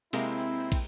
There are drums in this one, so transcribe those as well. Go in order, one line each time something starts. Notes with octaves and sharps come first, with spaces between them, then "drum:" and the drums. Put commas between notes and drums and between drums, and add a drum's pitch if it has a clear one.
C3 G#3 A#3 C4 E4, drum: cymbal
drum: kick, cymbal